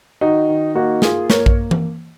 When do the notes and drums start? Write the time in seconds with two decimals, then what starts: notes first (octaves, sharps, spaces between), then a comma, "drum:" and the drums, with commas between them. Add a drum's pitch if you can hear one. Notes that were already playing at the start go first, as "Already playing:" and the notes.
0.21 D#3 D#4 F#4
0.48 D#3
0.75 A#3 D#4 F#4
1.02 A#3 F4 G#4, drum: snare
1.30 A#3 A#4 C#5, drum: snare
1.46 drum: kick A#1
1.71 drum: tom E3